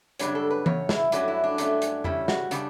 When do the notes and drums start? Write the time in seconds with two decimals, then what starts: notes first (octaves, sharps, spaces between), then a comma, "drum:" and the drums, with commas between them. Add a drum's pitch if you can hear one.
0.19 F#2 C#3 E3 G3 D4 C#5, drum: hi-hat
0.35 A4
0.50 B4
0.66 F#2 C#3 C#5, drum: tom E3
0.89 E4, drum: snare
1.12 G2 F#3 A3 C#4 D4, drum: hi-hat
1.28 E4
1.44 D4
1.58 G2 F#3 A3 C#4, drum: hi-hat
1.82 drum: hi-hat
2.04 C#3 G3 C#4 E4, drum: tom F2
2.28 F#4, drum: snare
2.51 C#3 G3 D4, drum: hi-hat